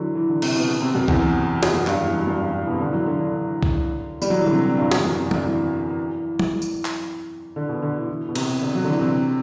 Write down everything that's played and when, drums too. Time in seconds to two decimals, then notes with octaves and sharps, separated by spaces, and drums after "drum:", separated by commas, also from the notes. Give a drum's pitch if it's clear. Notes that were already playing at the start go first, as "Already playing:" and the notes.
Already playing: D3 E3 F#3
0.15 E3
0.29 D3
0.42 C3, drum: cymbal
0.55 B2
0.69 B2
0.82 C3
0.95 F#2
1.08 E2, drum: kick C2
1.63 drum: snare
1.74 F#2
1.87 G2, drum: clap
2.01 E2
2.14 F#2
2.27 F#2
2.40 G2
2.54 A2
2.67 B2
2.74 C3
2.80 D3
2.89 E3
2.93 F#3
3.07 D3
3.20 D3
3.63 drum: kick C2
4.22 G3, drum: tambourine
4.30 F#3
4.39 E3
4.46 D3
4.52 C3
4.65 A2
4.78 G2
4.91 E2, drum: snare
5.05 F#2
5.18 C3
5.31 D3, drum: tom
5.44 E3
6.40 drum: tom
6.62 drum: tambourine
6.85 drum: clap
7.56 D3
7.69 B2
7.82 D3
7.95 E3
8.09 E3
8.29 B2
8.35 C3, drum: cymbal
8.61 D3
8.75 F#3
8.84 D3
8.88 E3
9.01 C3